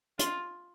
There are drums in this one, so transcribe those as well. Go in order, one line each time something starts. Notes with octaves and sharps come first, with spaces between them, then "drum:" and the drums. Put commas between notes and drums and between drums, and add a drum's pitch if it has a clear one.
F4, drum: hi-hat